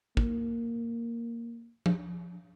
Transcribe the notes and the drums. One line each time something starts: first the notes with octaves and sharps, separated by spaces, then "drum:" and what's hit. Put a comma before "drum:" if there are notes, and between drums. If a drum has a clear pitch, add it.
A#3, drum: kick
drum: tom F3